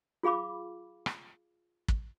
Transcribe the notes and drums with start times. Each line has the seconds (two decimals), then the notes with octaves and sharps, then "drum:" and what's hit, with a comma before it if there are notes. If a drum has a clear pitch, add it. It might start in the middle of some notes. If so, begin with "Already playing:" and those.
0.23 F4 G#4 F5 B5 D6
1.06 drum: rim click
1.88 drum: kick